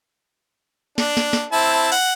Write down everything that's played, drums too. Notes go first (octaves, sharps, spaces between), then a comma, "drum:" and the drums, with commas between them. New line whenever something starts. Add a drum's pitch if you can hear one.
D4, drum: snare
drum: snare
drum: snare
C4 E4 A5
F#5, drum: cymbal